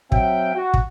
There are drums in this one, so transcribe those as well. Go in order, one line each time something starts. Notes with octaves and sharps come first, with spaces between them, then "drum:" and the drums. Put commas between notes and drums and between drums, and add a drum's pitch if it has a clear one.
F#3 C4 E5 F5 G5, drum: kick
F#4
drum: kick